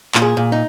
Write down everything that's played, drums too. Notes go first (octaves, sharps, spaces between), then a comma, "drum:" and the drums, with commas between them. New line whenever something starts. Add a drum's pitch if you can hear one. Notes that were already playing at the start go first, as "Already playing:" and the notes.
A#2, drum: clap
G#4
A#2
D#4